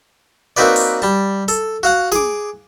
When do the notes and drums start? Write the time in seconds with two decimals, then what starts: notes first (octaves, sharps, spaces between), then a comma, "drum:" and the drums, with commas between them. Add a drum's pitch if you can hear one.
0.57 A#3 C4 D#4 F#4 B4 D5
0.76 drum: open hi-hat
1.02 G3 A5
1.48 A4, drum: hi-hat
1.83 F#4 F5 F#5
2.12 G#4 D6, drum: snare